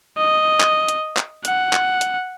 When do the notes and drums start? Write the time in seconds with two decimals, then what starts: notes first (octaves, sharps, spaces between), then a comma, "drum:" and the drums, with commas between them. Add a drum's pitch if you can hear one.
0.17 D#5
0.60 drum: clap
0.89 drum: hi-hat
1.17 drum: clap
1.45 F#5, drum: hi-hat
1.73 drum: clap
2.01 drum: hi-hat